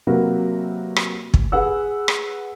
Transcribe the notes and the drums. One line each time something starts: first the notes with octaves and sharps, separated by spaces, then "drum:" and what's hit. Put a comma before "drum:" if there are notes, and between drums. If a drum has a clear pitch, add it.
C3 F#3 A#3 F#4 A#4 B4
drum: rim click
drum: kick
G#4 B4 F#5 E6
drum: rim click